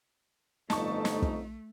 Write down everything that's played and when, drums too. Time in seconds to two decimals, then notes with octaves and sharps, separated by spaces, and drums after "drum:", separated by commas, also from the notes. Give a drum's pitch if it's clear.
0.70 G1 F2 A3 D#4 A5 C#6, drum: snare
1.05 drum: snare
1.22 drum: kick